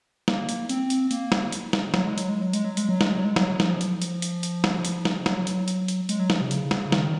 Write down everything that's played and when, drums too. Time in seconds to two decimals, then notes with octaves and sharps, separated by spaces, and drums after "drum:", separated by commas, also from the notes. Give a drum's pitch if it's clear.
0.28 A#3, drum: snare
0.49 drum: hi-hat
0.69 C4, drum: hi-hat
0.90 drum: hi-hat
1.11 A#3, drum: hi-hat
1.32 drum: snare
1.52 drum: hi-hat
1.73 drum: snare
1.94 F#3, drum: snare
2.06 G#3
2.18 F#3, drum: hi-hat
2.29 G#3
2.42 F#3
2.53 G#3, drum: hi-hat
2.65 F#3
2.77 G#3, drum: hi-hat
2.89 F#3
3.01 G#3, drum: snare
3.12 F#3
3.24 G#3
3.36 F#3, drum: snare
3.60 F3, drum: snare
3.81 drum: hi-hat
4.02 drum: hi-hat
4.22 drum: hi-hat
4.43 drum: hi-hat
4.64 drum: snare
4.85 drum: hi-hat
5.05 drum: snare
5.26 F#3, drum: snare
5.47 drum: hi-hat
5.68 drum: hi-hat
5.88 drum: hi-hat
6.09 G#3, drum: hi-hat
6.20 F#3
6.30 F3, drum: snare
6.41 C3
6.51 C#3, drum: hi-hat
6.71 C#3, drum: snare
6.92 D#3, drum: snare